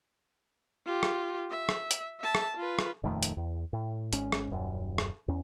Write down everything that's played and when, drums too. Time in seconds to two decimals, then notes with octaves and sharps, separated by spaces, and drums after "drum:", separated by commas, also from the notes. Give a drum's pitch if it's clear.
0.86 F4 G4
1.03 drum: rim click
1.50 E5
1.69 drum: rim click
1.91 drum: hi-hat
2.20 E5 A5
2.35 drum: rim click
2.57 F4 B4
2.79 drum: rim click
3.04 D#1 F2 D#3 A3
3.23 drum: hi-hat
3.37 E2
3.73 A2
4.13 G#1 G#2 C#4, drum: hi-hat
4.32 drum: rim click
4.51 D#1 F#2
4.98 drum: rim click
5.28 E2 C#4